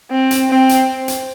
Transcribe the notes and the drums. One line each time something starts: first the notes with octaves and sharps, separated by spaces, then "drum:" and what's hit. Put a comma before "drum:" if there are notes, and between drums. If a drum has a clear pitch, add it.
C4
drum: hi-hat
C4
drum: hi-hat
drum: hi-hat